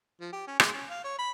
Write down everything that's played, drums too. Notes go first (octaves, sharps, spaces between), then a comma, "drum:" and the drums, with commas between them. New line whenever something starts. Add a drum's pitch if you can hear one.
F3
G4
C#4
G#3, drum: rim click
C#4
F5
C#5
B5